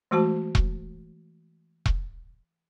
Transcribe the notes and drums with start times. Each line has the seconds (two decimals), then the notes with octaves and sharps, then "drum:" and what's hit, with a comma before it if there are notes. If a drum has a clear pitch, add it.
0.11 E3 G#3 A3 F#4 C5 A5
0.55 drum: kick E1
1.86 drum: kick E1